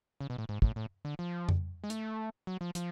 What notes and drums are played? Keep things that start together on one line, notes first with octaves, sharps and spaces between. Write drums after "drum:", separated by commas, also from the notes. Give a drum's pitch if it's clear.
C#3
B2
A2
G#2
A2, drum: kick
A2
D3
F3
drum: tom F2
G#3
A3, drum: hi-hat
F#3
F3
F3, drum: hi-hat